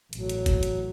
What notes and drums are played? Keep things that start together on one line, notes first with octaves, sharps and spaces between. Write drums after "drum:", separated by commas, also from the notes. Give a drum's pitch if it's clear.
A1 F#3, drum: hi-hat
drum: hi-hat
drum: kick G1, hi-hat
drum: hi-hat